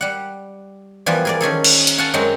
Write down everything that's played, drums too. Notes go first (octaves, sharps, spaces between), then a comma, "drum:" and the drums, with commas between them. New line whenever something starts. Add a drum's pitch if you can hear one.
G3 F#5
E3 F3 G3 B3 F4
G#4 A#4 D5
D#3 C#4 G#4 A4
drum: cymbal
drum: hi-hat
C#5 F5 F#5 G#5 A5
F#2 F#3 G#3 C4